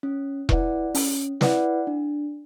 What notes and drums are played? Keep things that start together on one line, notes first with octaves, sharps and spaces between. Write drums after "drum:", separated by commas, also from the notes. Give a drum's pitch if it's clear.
C#4
E4 B4 D5 F#5, drum: kick E1
C#4, drum: open hi-hat
E4 B4 D5 F#5, drum: snare
D4